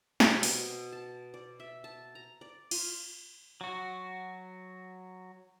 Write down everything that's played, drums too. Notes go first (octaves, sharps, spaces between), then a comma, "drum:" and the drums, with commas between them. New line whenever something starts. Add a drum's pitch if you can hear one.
C3, drum: snare
B2, drum: open hi-hat
A5
D5
E5
A5
A#5
D5
F4, drum: cymbal
F#3 F#4